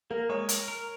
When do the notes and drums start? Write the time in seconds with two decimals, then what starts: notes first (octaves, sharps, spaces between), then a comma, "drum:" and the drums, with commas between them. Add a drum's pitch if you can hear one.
0.10 A#3 A#4
0.29 G#3 C#5
0.49 A#4, drum: hi-hat
0.68 A#4